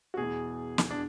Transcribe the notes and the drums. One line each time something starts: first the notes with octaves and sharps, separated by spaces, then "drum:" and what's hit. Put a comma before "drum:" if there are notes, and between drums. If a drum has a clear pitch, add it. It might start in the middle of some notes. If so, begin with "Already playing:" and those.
F#4
E2 B2 G#4
drum: snare
D4